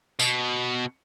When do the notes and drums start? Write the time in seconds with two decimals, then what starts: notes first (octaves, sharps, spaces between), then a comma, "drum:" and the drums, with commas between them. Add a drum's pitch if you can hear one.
0.19 B2, drum: tambourine